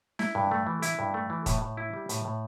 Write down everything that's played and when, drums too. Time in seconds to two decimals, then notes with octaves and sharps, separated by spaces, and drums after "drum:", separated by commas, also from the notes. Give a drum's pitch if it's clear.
0.19 E4, drum: snare
0.35 G2
0.51 A3
0.67 E3
0.82 E4, drum: hi-hat
0.99 G2
1.14 A3
1.30 E3
1.46 A2, drum: kick D#1, hi-hat
1.62 A2
1.77 E4
1.93 G3
2.09 A2, drum: hi-hat
2.25 A2